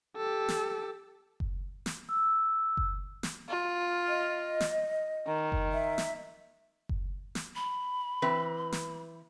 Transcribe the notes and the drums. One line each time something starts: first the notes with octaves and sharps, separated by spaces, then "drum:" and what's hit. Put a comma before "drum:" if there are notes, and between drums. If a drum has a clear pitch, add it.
G4 A4
drum: snare
drum: kick F#1
drum: snare
E6
drum: kick F#1
drum: snare
F4
D#5
drum: snare
D#3
drum: kick F#1
E5
drum: snare
drum: kick F#1
drum: snare
B5
E3 C4 B4
drum: snare